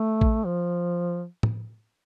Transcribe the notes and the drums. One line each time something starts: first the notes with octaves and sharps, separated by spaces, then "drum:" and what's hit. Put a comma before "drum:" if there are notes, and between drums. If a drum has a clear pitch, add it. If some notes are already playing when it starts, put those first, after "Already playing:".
Already playing: A3
drum: kick A1
F3
drum: tom